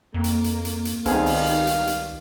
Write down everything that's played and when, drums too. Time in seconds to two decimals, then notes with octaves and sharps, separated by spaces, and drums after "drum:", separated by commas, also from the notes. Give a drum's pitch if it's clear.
0.14 F2 A#3
0.24 drum: hi-hat
0.44 drum: hi-hat
0.65 drum: hi-hat
0.85 drum: hi-hat
1.06 C#2 D#3 G3 B3 C4 G#4 F5, drum: hi-hat
1.26 drum: open hi-hat
1.46 drum: hi-hat
1.67 drum: hi-hat
1.87 drum: hi-hat